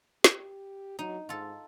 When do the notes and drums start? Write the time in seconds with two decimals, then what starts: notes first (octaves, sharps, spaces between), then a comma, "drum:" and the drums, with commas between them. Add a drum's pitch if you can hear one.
0.24 G4, drum: snare
0.99 F#3 D#4
1.29 G#2 F4 A4